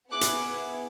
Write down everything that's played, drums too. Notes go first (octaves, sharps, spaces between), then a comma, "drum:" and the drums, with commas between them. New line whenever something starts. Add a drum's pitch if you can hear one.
B3 E4 G#4 D6 F#6
drum: hi-hat